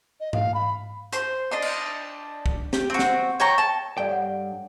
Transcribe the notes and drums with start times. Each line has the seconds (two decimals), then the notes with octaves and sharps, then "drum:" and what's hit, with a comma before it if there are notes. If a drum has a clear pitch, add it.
0.20 D#5
0.33 F5, drum: tom G#2
0.54 B5
1.13 C5 C6, drum: hi-hat
1.51 D4 D#5 C6
1.62 drum: cymbal
2.46 drum: kick
2.73 G4, drum: snare
2.90 C4 F#4
2.99 drum: snare
3.40 C#5 G5 A#5 C#6
3.58 A5
3.98 G2 A4 D5 F5 G5
4.09 C#5 F#5